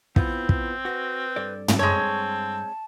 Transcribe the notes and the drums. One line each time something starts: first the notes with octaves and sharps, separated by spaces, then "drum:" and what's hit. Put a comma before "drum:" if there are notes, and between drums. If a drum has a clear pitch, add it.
B3 C4 E4 F4, drum: kick
drum: kick
F#4 B4
G2 A4 D5
drum: tom
G#3 C4 C#5 A5